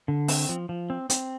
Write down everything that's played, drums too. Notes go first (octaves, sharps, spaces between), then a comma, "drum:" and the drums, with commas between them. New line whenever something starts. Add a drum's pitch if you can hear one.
D3
C4, drum: open hi-hat
F3
F3
C4
C4, drum: hi-hat